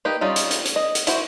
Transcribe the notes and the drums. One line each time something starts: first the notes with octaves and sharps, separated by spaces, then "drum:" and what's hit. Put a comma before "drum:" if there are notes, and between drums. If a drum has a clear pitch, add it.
A#3 D#4 G4 B4
G3 C#4 D#4 F4
drum: hi-hat
drum: hi-hat
drum: hi-hat
D#5
drum: hi-hat
E4 F#4 C5, drum: hi-hat